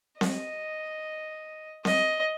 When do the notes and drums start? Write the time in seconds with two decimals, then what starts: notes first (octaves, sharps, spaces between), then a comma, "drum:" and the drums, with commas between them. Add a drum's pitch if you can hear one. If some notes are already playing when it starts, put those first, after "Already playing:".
0.21 D#5, drum: snare C4
1.85 D#5, drum: snare C4